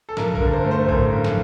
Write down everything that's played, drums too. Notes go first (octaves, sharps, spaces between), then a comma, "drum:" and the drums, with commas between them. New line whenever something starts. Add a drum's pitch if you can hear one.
A4
G2 A#4, drum: snare
A#4, drum: kick A#1
D3
C5
A3
C5
A1 A#4, drum: kick A#1
G2
drum: snare